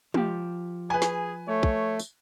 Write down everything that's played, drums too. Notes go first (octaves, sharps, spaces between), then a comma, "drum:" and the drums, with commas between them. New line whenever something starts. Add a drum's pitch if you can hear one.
F3 G4, drum: tom
G#4 B4 G#5
drum: snare
A3 C#5
drum: kick
drum: tambourine